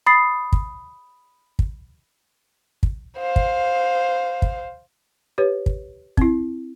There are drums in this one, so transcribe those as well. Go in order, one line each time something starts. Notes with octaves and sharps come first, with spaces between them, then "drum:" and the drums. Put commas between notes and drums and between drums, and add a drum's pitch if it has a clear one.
B5 D#6 A6 C7
drum: kick
drum: kick
drum: kick
C5 F5
drum: kick
drum: kick
G4 B4 C#5
drum: kick
C4 E4, drum: kick